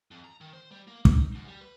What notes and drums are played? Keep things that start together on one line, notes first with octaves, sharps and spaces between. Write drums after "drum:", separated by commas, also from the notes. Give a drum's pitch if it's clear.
F2
A#5
D#3
C5
G3
A#3
D#4, drum: kick
F#2
G3
B4